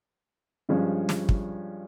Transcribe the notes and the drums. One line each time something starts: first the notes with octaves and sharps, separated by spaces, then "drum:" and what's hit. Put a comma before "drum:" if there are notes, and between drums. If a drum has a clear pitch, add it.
G2 F3 G#3 C#4
drum: snare
drum: kick